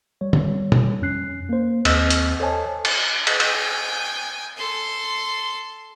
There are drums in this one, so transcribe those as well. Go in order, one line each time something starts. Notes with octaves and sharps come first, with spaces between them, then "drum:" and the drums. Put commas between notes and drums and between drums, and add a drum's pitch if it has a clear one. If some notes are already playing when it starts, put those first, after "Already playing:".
G3 C#5
drum: tom
drum: tom
F2 C#4 F#6 C7
A#3 C5
D#2 C4 D#5 E6 F6, drum: cymbal
drum: hi-hat
A4 C5 C#5 D#5 G#5 A5
drum: cymbal
drum: cymbal
G5 G#5, drum: cymbal
A4 C6